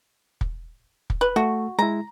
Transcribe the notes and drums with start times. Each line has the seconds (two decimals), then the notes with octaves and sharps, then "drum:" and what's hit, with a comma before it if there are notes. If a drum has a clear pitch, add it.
0.41 drum: kick
1.10 drum: kick
1.21 B4
1.36 A3 F#4
1.79 G#3 E4 A#5